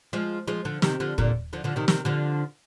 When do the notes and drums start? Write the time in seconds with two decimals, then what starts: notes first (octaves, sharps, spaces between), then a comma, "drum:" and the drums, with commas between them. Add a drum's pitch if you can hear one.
0.13 F3 G#3
0.48 F3 G#3
0.65 D3 F3
0.82 C3 D#3, drum: snare
1.00 D3 F3
1.18 A#2 D3, drum: kick
1.53 D3 F3
1.64 D3 F3
1.76 C3 D#3
1.88 C3 D#3, drum: snare
2.05 D3 F3